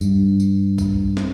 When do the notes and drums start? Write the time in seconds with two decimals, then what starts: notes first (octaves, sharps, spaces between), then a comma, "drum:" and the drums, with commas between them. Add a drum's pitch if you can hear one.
0.01 G2, drum: tambourine
0.40 drum: tambourine
0.78 drum: kick A#1, tambourine
1.17 drum: snare